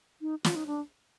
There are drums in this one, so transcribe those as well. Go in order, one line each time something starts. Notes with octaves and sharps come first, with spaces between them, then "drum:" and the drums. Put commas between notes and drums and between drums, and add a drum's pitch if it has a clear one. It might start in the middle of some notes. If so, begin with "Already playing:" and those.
D#4
F4, drum: snare
D#4
D4